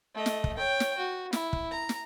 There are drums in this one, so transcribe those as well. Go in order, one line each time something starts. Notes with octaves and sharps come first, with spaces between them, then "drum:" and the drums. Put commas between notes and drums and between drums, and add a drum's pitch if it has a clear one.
A3 D#5
drum: snare
drum: kick
C#5 G5
drum: snare
F#4
E4, drum: snare
drum: kick
A#5
drum: snare